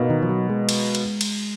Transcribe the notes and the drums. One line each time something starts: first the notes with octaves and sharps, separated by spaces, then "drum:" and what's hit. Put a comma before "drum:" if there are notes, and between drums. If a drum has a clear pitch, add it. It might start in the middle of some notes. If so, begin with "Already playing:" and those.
Already playing: B2 A#3 D#4
D#3
F3
F#3
G#3
drum: cymbal
drum: cymbal
drum: cymbal